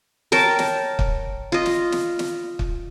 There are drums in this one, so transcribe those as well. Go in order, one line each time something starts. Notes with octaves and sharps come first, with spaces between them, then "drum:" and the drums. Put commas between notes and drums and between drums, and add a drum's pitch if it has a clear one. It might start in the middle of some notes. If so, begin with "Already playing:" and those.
A#4 C#5 G5 A5, drum: snare
drum: snare
drum: kick
F4 D#5
drum: snare
drum: snare
drum: snare
drum: kick